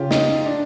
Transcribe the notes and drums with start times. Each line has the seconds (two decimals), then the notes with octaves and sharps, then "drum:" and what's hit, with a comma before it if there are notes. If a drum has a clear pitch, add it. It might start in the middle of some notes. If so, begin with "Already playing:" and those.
Already playing: C#3 F4 G4
0.11 D#4, drum: snare
0.46 D4